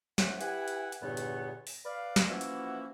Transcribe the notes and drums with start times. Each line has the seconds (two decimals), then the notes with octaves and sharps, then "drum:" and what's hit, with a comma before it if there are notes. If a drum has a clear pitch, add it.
0.18 C#4 E4 C5 F#5, drum: snare
0.41 E4 G4 B4 F#5 G#5, drum: hi-hat
0.68 drum: hi-hat
0.92 drum: hi-hat
1.02 E2 G2 A#2 D3 B3 C#5
1.17 drum: hi-hat
1.67 drum: open hi-hat
1.85 B4 D5 F5
2.16 drum: snare
2.29 E3 F3 A#3 C#4 E4 F#4
2.41 drum: hi-hat